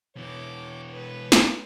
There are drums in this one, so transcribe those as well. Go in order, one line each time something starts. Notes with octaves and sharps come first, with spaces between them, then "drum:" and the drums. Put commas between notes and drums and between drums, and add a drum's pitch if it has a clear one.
B2 E3 C#5 D6
B4 C#5
drum: snare